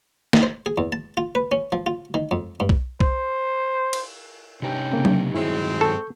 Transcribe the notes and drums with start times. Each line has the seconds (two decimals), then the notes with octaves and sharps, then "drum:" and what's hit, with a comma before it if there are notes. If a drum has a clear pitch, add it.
0.33 drum: snare
0.43 C5
0.66 G#4
0.78 E2
0.92 A5
1.17 F4
1.35 B4
1.52 C#4
1.72 F3
1.86 F4
2.14 D#3
2.31 F2
2.60 G2
2.69 drum: kick B1
3.00 C5, drum: kick B1
3.93 drum: cymbal
4.62 G2 C3 C#4 D#4 G4 G5
4.91 C#3 A#3 C4
5.05 drum: tom F#3
5.34 G2 D#3 F#3 G#3 C4 E4
5.81 A4 C#6 G6